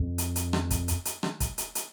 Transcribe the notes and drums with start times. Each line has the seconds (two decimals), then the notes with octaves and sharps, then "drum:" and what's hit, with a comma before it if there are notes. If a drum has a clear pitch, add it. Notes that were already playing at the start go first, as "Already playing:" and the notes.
Already playing: F2
0.18 drum: hi-hat
0.36 drum: hi-hat
0.53 drum: rim click
0.70 drum: kick, hi-hat
0.88 drum: hi-hat
1.05 drum: hi-hat
1.23 drum: rim click
1.40 drum: kick, hi-hat
1.58 drum: hi-hat
1.75 drum: hi-hat